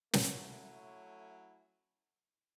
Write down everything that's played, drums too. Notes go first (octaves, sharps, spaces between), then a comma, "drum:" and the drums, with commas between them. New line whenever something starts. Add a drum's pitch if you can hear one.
F#3 A3 C#4 E4, drum: snare